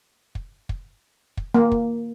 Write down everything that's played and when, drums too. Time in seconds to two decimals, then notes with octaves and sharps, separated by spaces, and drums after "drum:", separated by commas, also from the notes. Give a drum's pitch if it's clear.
0.35 drum: kick
0.69 drum: kick
1.37 drum: kick
1.55 A#3
1.72 drum: kick